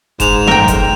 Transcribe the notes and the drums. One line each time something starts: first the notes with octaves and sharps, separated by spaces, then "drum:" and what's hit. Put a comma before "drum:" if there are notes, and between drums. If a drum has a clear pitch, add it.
G#2 E7 F7, drum: kick F#1, hi-hat
F#2 A3 A#3 A#4 G5
C5, drum: kick F#1, hi-hat